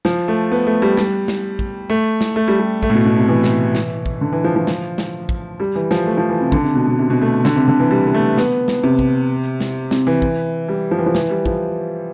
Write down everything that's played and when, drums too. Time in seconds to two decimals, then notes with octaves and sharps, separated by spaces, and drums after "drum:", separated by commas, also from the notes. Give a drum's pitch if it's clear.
0.05 F3, drum: snare
0.28 A3
0.52 B3
0.67 A3
0.82 G3
0.98 G3, drum: snare
1.28 drum: snare
1.59 drum: kick
1.90 A3
2.21 drum: snare
2.36 A3
2.48 G3
2.59 G3
2.83 A3, drum: kick
2.90 A2
2.94 B2
3.05 B2
3.17 C3
3.28 E3
3.44 drum: snare
3.75 drum: snare
4.06 drum: kick
4.21 D3
4.32 E3
4.44 F3
4.56 F3
4.67 drum: snare
4.98 drum: snare
5.29 drum: kick
5.60 G3
5.75 E3
5.91 F3, drum: snare
6.06 A3
6.17 F3
6.29 E3
6.41 C3
6.52 D3, drum: kick
6.64 C3
6.75 B2
6.87 B2
6.99 C3
7.10 B2
7.22 A3
7.45 D3, drum: snare
7.56 C3
7.68 D3
7.80 E3
7.91 G3
8.07 B3
8.14 A3
8.37 B3, drum: snare
8.68 drum: snare
8.83 C3
8.99 drum: kick
9.60 drum: snare
9.91 C3, drum: snare
10.07 E3
10.22 drum: kick
10.69 G3
10.91 F3
10.98 E3
11.06 F3
11.15 E3, drum: snare
11.30 G3
11.46 F3, drum: kick